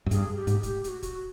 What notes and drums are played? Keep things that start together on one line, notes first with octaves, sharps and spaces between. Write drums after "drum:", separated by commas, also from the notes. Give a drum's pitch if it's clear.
F#2
G2 G#4, drum: hi-hat
G4
G#2, drum: hi-hat
G#4
G4, drum: kick, hi-hat
G4, drum: hi-hat
F#4
drum: kick, hi-hat